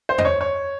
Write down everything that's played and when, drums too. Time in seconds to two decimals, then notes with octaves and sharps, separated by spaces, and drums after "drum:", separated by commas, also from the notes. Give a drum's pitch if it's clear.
0.09 C5
0.18 D#5, drum: tom E2
0.25 C#5
0.41 C#5